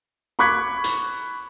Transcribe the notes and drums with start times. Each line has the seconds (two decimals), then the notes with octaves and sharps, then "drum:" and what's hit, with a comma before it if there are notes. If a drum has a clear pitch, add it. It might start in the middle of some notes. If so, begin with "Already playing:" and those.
0.39 B5 C#6 D6 F#6 G#6 B6, drum: snare
0.84 drum: hi-hat